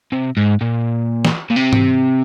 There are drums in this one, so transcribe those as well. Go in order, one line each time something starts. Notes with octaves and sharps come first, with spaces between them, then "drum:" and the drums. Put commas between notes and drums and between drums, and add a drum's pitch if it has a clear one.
C3
G#2
A#2
drum: snare
A#2
C3
drum: tom G#2